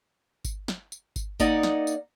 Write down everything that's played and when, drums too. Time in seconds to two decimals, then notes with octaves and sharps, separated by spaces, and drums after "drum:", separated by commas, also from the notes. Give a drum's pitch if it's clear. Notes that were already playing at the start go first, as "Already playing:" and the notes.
0.45 drum: kick G1, tambourine
0.68 drum: snare
0.92 drum: tambourine
1.16 drum: kick G1, tambourine
1.40 A#3 D#4 D5 F#5, drum: kick G1, tambourine
1.63 drum: snare
1.87 drum: tambourine